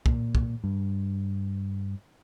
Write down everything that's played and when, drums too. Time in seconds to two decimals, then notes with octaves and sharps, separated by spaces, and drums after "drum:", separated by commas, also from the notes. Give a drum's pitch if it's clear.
0.06 A#2, drum: kick
0.35 drum: kick
0.64 G2